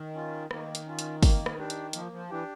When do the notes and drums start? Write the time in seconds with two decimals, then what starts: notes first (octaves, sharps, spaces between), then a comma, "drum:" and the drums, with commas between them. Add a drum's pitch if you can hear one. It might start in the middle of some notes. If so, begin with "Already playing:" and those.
Already playing: D#3
0.15 C#4 F4
0.51 D#3 A#3, drum: rim click
0.75 drum: hi-hat
0.86 C#4 F4
0.99 drum: hi-hat
1.23 A#3, drum: kick, open hi-hat
1.46 drum: rim click
1.59 D4 G4
1.70 drum: hi-hat
1.93 F3 A#3, drum: hi-hat
2.12 F3
2.30 E3 D4 G4